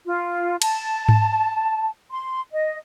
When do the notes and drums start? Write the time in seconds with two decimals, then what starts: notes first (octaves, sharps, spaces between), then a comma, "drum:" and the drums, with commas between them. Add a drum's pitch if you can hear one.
0.05 F4
0.62 A5, drum: cymbal
1.09 drum: tom G#2
2.11 C6
2.52 D#5